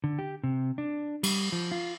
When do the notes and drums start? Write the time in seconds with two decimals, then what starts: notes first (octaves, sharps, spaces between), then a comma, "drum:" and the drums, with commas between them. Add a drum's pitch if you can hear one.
0.04 D3
0.19 G4
0.44 C3
0.78 D4
1.23 G3, drum: cymbal
1.52 F3
1.72 F4